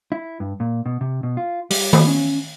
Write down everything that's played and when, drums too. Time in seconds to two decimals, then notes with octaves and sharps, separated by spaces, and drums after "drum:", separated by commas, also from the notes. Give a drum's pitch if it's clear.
0.12 E4
0.40 G2
0.60 A#2
0.86 B2
1.01 C3
1.23 B2
1.37 F4
1.70 G3, drum: open hi-hat
1.93 B5, drum: tom D#3
2.07 C#4